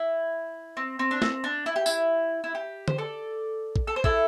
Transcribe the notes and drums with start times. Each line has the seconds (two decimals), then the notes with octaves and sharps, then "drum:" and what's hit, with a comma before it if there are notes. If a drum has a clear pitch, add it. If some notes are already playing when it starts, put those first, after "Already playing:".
Already playing: E4
0.77 C4
0.99 C4
1.11 D4
1.22 C4, drum: snare
1.44 D4
1.66 E4
1.76 G4
1.86 E4, drum: tambourine
2.44 E4
2.55 G4
2.88 C5, drum: tom D3
2.98 A4 D5
3.76 drum: kick
3.87 A4
3.96 C5
4.04 E4 A4, drum: kick